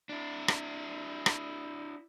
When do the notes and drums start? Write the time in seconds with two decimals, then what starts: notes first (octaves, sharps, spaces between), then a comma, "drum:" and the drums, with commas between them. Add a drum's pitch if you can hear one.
0.09 D4 E4
0.48 drum: rim click
1.26 drum: rim click